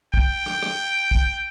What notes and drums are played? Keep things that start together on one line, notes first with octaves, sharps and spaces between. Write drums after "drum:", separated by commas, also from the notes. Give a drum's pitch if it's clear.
G5, drum: kick
drum: rim click
drum: rim click
drum: kick